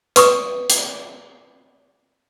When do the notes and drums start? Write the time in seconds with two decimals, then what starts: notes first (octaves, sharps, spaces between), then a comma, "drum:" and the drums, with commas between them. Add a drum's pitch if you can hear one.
0.16 B4 C#6 D#6, drum: hi-hat
0.70 drum: hi-hat